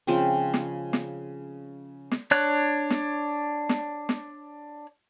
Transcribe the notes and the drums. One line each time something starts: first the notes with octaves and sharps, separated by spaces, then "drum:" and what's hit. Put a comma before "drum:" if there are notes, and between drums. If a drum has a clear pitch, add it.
C#3 F3 G#3 C4
drum: snare
drum: snare
drum: snare
D4 C#5 F#6
drum: snare
drum: snare
drum: snare